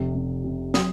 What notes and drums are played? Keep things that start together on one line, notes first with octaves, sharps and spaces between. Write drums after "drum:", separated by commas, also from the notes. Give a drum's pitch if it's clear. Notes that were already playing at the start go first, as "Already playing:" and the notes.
Already playing: F1 C3
C3
C3
F#3 D#6, drum: snare